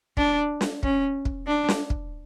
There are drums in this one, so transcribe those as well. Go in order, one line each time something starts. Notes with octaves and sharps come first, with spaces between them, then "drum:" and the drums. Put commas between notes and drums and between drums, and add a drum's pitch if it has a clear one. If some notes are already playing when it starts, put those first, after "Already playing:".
D4, drum: kick
drum: snare
C#4, drum: kick
drum: kick
D4
drum: snare
drum: kick